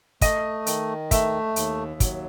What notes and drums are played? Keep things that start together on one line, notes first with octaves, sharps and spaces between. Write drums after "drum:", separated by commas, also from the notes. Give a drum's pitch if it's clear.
A3 D#5, drum: kick, hi-hat
D#3, drum: hi-hat
A3 E5, drum: kick, hi-hat
D#2, drum: hi-hat
F#3, drum: kick, hi-hat